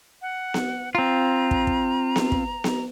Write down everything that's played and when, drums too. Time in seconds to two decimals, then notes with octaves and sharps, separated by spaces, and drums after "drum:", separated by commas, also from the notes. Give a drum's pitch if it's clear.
0.22 F#5
0.54 drum: snare B3
0.95 C4 F4 A#5
1.51 drum: kick
1.67 drum: kick
2.16 drum: snare B3
2.32 drum: kick
2.64 drum: snare B3